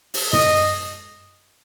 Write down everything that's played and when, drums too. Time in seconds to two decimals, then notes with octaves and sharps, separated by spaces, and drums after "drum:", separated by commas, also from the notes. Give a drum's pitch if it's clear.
0.14 drum: open hi-hat
0.33 D#5, drum: tom